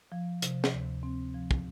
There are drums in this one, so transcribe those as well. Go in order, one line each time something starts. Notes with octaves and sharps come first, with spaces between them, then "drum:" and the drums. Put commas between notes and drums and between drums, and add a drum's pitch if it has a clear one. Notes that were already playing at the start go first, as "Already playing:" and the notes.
F3
C3, drum: hi-hat
drum: snare
D2
C4
F3
drum: kick